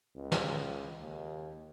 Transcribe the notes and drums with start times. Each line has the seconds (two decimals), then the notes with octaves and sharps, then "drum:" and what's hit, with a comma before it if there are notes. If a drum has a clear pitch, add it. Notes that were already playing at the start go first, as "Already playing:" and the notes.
0.16 C#2
0.32 drum: snare
0.99 D#2